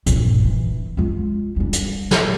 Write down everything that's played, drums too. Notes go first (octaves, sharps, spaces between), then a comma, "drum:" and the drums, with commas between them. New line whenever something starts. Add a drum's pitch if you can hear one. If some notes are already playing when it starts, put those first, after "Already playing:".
A#1 G2, drum: hi-hat
E3
G#3 F4
G3 D4
drum: hi-hat
drum: snare